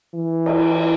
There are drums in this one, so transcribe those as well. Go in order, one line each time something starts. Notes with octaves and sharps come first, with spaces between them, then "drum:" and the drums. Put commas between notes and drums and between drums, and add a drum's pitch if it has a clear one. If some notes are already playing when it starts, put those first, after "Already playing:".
E3
drum: cymbal